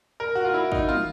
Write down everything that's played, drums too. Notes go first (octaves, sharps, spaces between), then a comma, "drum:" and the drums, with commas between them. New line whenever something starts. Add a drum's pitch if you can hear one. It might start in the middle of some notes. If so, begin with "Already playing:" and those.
A#4
F#4
F4
E4
D#4, drum: kick
F4, drum: tom